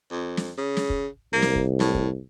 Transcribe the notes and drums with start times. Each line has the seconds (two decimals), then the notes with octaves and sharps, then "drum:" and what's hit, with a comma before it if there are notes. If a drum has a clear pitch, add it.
0.11 F2
0.37 drum: snare
0.58 C#3
0.77 drum: snare
0.90 drum: kick
1.33 C2 A#3
1.42 drum: snare
1.55 drum: kick
1.80 A2, drum: snare
1.95 drum: kick